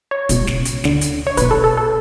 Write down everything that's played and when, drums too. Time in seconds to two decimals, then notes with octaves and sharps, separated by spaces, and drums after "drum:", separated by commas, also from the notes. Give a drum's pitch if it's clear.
0.11 C#5
0.29 C#2 B2, drum: kick, hi-hat
0.47 drum: snare
0.65 drum: hi-hat
0.84 D2 D3, drum: snare
1.01 drum: hi-hat
1.27 C#5
1.37 B1 B2 B4, drum: kick, hi-hat
1.51 A4
1.64 A4
1.77 A4